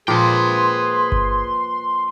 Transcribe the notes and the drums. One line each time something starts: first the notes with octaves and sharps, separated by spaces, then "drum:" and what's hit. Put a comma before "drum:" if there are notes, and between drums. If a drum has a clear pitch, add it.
A#2 F3 G#4 B4 G5 C6
drum: kick G1